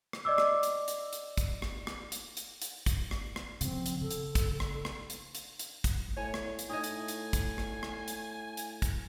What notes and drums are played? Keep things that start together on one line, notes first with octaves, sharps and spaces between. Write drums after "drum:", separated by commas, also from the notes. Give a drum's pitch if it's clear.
drum: rim click
D5 D#5 D6 E6
drum: rim click
drum: hi-hat
drum: hi-hat
drum: hi-hat
drum: kick, hi-hat
drum: rim click
drum: rim click
drum: hi-hat
drum: hi-hat
drum: hi-hat
drum: kick, hi-hat
drum: rim click
drum: rim click
C#3 F3 C4, drum: hi-hat
drum: hi-hat
C#3 A4
drum: hi-hat
drum: kick, hi-hat
drum: rim click
drum: rim click
drum: hi-hat
drum: hi-hat
drum: hi-hat
drum: kick, hi-hat
A2 C#5 G#5
drum: rim click
drum: hi-hat
A2 D#4 C#5 D#5 G#5
drum: hi-hat
drum: hi-hat
drum: kick, hi-hat
drum: rim click
drum: rim click
drum: hi-hat
drum: hi-hat
drum: kick, hi-hat